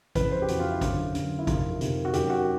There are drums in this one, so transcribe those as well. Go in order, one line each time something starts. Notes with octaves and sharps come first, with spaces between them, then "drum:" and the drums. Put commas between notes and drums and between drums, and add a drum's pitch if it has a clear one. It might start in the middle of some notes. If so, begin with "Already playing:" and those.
F2 C#3 E3 B4, drum: kick, hi-hat
C5
G4
F2 C#3 E3 F#4, drum: hi-hat
F4
E4
F#2 D3 F4, drum: kick, hi-hat
F#2 D3, drum: hi-hat
E4
F2 C3 D#3 F4, drum: kick, hi-hat
F2 C3 D#3, drum: hi-hat
F#4
F#2 D#3 G4, drum: hi-hat
F#4